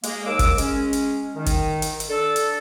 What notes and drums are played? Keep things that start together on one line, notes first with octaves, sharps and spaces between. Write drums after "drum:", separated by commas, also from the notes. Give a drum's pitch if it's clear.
G#3 A#3, drum: hi-hat
D#2 D6 E6
drum: kick G1, hi-hat
G#3 C#4, drum: hi-hat
drum: hi-hat
D#3
drum: kick G1, hi-hat
drum: hi-hat
drum: hi-hat
D4 A4
drum: hi-hat